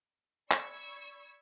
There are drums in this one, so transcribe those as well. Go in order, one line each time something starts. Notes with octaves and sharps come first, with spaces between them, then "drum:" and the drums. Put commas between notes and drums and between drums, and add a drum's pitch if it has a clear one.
D5 B5 C#6 E6 G#6, drum: clap